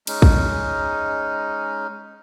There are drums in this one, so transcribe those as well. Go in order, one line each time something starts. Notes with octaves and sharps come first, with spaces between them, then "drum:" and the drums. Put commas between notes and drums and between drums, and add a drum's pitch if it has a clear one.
G#3 C#4 D#4, drum: cymbal
drum: kick